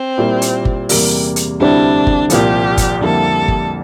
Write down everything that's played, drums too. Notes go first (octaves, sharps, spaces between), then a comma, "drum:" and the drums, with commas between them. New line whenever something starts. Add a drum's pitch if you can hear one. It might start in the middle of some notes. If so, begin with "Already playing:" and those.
Already playing: C4
A#2 G3 A#3 E4
drum: hi-hat
drum: kick G1
E2 C3 G3 A#3, drum: open hi-hat
drum: hi-hat
D2 C3 G3 C4 D4 E4
drum: kick G1
C2 A#2 F3 G4, drum: hi-hat
drum: kick G1, hi-hat
F2 D3 G3 A#3 E4 A4
drum: kick G1